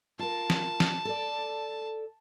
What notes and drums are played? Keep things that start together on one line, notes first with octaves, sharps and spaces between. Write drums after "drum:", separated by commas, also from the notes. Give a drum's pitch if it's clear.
F4 A#4 A5
drum: snare
drum: snare
A4 D5